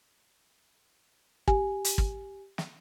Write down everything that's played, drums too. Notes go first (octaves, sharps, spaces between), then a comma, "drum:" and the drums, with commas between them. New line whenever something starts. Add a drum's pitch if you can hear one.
G4 G#5, drum: kick
drum: hi-hat
drum: kick
drum: snare